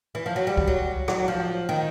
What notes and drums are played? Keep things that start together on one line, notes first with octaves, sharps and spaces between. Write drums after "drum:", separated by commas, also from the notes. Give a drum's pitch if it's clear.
E3
F3
F#3
G3
drum: kick
F#3
F#3, drum: rim click
F3
D#3